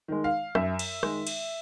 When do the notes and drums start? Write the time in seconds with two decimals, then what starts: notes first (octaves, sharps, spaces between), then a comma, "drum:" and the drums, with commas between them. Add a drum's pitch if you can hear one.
0.08 D#3 G#3
0.24 F5
0.55 F#2 E5, drum: rim click
0.79 drum: cymbal
1.03 D#3 G#3, drum: rim click
1.27 drum: cymbal